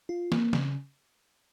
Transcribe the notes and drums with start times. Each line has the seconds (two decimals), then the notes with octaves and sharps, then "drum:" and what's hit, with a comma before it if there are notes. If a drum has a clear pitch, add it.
0.09 F4
0.32 A#3, drum: snare
0.53 C#3, drum: snare